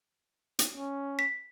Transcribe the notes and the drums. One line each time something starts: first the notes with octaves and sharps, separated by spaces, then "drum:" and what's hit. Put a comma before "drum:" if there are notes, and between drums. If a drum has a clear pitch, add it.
drum: hi-hat
C#4
B6